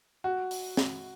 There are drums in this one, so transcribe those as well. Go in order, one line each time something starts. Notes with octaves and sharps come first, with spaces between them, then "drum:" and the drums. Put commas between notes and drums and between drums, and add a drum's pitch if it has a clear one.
F#4
drum: open hi-hat
drum: snare C4